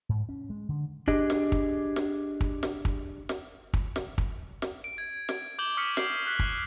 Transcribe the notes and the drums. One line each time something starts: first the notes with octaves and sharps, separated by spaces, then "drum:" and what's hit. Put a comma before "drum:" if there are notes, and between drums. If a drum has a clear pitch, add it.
G#2
C#4
G#3
D3
D4 G4 G#4 D#5, drum: kick
drum: snare
drum: kick
drum: snare
drum: kick
drum: snare
drum: kick
drum: snare
drum: kick
drum: snare
drum: kick
drum: snare
D7
G#6
drum: snare
D6 G6 F#7 G7
C#6 D#6 F6 B6 C#7
C7, drum: snare
F6 F#6 B6
drum: kick